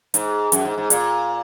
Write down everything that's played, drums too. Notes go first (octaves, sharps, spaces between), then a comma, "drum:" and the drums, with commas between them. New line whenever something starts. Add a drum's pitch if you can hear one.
G#2, drum: hi-hat
F#2, drum: hi-hat
G#2
G#2
A#2, drum: hi-hat